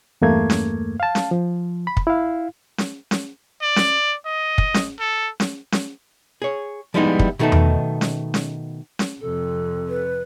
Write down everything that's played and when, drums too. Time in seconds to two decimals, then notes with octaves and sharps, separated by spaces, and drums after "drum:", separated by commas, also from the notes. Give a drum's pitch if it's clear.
0.22 E2 G2 A3 A#3 G#6
0.50 drum: snare C#4
1.00 F5 A5
1.15 drum: snare C#4
1.31 F3
1.87 B5
1.97 drum: kick
2.07 E4 F5
2.78 drum: snare C#4
3.11 drum: snare C#4
3.62 D5
3.76 drum: snare C#4
4.26 D#5
4.58 drum: kick
4.74 drum: snare C#4
4.99 A4
5.40 drum: snare C#4
5.72 drum: snare C#4
6.42 G#4 C#5
6.94 F3 G3 G#3 B3 D#4 E4
7.19 drum: kick
7.39 B2 D#3 A3 B3 D#4 A4
7.52 drum: tom E2
8.01 drum: snare C#4
8.34 drum: snare C#4
8.99 drum: snare C#4
9.21 F2 C3 A4
9.89 B4